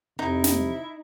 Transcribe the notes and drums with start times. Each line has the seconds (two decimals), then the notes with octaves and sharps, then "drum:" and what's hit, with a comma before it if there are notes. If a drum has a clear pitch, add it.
0.19 F2 C3 D#4 E4
0.44 drum: snare